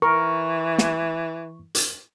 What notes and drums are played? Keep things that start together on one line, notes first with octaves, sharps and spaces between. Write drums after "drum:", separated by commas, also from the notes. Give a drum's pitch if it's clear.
E3 A#4 C#6
drum: snare
drum: hi-hat